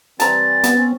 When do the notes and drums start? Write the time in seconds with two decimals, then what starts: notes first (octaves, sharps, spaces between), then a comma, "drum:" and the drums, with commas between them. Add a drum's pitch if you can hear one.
0.20 E3 G3 C4 A5 A#5 A6, drum: hi-hat
0.64 B3, drum: hi-hat
0.75 C4 C#4